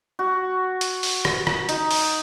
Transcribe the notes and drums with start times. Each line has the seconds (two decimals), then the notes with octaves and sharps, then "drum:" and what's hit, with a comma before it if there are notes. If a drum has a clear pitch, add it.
0.19 F#4
0.81 drum: hi-hat
1.03 drum: open hi-hat
1.25 drum: rim click
1.47 drum: rim click
1.69 D#4, drum: hi-hat
1.91 drum: open hi-hat